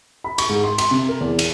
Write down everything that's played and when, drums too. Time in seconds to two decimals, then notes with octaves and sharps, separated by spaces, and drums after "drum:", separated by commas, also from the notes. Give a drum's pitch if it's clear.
0.24 B5
0.38 C#6, drum: cymbal
0.49 G#2
0.64 C6
0.78 C6, drum: cymbal
0.91 C3
1.09 A#4
1.21 E2
1.39 D#7, drum: cymbal